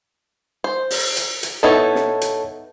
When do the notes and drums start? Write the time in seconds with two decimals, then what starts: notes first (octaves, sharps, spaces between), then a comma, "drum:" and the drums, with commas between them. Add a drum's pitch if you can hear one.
0.64 C5
0.90 drum: open hi-hat
1.17 drum: hi-hat
1.43 drum: hi-hat
1.63 B3 D#4 E4 A4 C#5 A5
1.95 drum: snare
2.21 drum: hi-hat